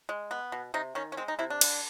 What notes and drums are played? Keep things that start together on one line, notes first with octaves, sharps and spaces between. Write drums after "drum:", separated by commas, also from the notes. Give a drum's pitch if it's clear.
G#3
B3
B2
C3 D#4
D#3 C#4
C#4
G#3 C4
D#4
C3 E4
D4
D3, drum: cymbal